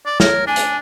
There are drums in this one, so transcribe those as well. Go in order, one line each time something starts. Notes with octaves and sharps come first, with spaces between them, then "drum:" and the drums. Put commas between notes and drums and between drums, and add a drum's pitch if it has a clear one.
D5
A#4 C#5, drum: snare
D4 G#5
drum: hi-hat